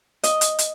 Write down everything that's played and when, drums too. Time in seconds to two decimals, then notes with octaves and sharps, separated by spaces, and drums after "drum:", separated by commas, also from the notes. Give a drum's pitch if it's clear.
0.23 D#5, drum: hi-hat
0.41 drum: hi-hat
0.59 drum: hi-hat